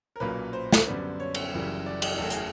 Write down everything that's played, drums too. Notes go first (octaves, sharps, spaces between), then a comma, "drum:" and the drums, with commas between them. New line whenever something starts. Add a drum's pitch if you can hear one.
A#4
B1 A#2 F#3 A#3 C#4 B4
C5
drum: snare
F#2 D3 G3 B3 D4
C#5
drum: cymbal
F#1 F#2 C#3 E3 G3
D5
D#5, drum: cymbal
F#1 E2 C#3 F#3 A3 A4
G#4, drum: hi-hat